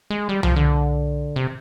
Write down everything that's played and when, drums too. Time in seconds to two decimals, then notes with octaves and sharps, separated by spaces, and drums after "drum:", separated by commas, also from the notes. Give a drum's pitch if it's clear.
0.10 G#3
0.29 G3
0.43 F3, drum: tom C2
0.56 D3
1.36 C3